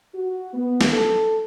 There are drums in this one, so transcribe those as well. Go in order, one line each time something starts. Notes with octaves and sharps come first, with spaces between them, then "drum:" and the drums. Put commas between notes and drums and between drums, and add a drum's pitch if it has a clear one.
F#4
B3
drum: snare
A4